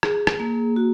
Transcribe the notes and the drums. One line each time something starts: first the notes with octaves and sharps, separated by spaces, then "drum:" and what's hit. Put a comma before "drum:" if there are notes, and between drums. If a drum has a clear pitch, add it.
G#4, drum: rim click
drum: rim click
A#3
F#4